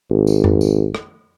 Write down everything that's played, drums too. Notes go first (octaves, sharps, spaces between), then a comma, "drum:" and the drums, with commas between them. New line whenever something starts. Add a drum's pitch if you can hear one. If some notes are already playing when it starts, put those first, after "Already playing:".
G#1
drum: tambourine
drum: tom F2
drum: tambourine
drum: rim click